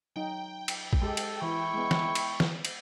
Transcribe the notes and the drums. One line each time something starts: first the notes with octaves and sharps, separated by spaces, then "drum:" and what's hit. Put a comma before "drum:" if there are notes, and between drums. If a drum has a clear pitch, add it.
F#3 D#4 G5
drum: cymbal
drum: kick A#1
G#3 G4 A4
drum: cymbal
E3 E4 C#6
G#3 B3
drum: snare
drum: cymbal
drum: snare
drum: cymbal